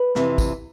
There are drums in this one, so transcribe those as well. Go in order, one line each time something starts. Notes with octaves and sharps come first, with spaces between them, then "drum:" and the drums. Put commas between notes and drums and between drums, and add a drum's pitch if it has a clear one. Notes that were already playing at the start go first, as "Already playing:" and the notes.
Already playing: B4
F2 C3 E3, drum: snare
drum: kick, tambourine